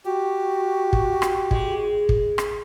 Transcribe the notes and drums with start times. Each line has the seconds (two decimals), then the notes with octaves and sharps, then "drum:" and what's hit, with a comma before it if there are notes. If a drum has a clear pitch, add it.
0.05 F#4 G4
0.93 drum: kick
1.22 drum: rim click
1.51 G#3, drum: kick
2.09 drum: kick
2.38 drum: rim click